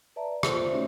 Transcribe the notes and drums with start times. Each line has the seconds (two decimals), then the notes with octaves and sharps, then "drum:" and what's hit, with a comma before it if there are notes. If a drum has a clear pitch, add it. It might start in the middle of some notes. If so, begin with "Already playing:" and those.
0.16 B4 D5 E5 A5 A#5
0.43 A#3 F4 A4 C5, drum: rim click
0.56 C5 D5 E5
0.70 A3 C#4 D#4 F#4 C#5 E5